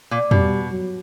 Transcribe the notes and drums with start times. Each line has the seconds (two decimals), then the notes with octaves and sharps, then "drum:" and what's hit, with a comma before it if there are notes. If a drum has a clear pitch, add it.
0.11 A#2
0.31 B2 G3, drum: tom
0.71 F#3